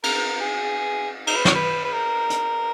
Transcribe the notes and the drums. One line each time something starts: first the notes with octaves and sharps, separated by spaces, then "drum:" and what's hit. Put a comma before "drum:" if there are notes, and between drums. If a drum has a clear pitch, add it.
A#4, drum: cymbal
G#4
D#4, drum: cymbal
B4
C#5, drum: snare
B4
B4
A#4
drum: hi-hat